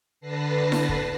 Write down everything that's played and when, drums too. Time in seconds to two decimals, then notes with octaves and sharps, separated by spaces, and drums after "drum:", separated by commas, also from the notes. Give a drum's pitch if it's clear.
0.21 D3 B4 A5 A#6 C7
0.72 drum: snare E4
0.89 drum: kick